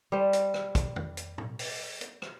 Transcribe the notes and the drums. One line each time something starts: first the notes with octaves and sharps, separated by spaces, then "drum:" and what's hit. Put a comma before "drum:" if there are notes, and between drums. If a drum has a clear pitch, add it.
G3 C5
drum: hi-hat
drum: rim click
drum: kick, hi-hat
drum: tom F2
drum: hi-hat
drum: tom A2
drum: open hi-hat
drum: hi-hat
drum: rim click